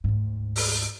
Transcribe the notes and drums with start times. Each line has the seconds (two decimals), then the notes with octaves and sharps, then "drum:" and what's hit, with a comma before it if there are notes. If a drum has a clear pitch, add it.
0.04 D2 G#2
0.56 drum: open hi-hat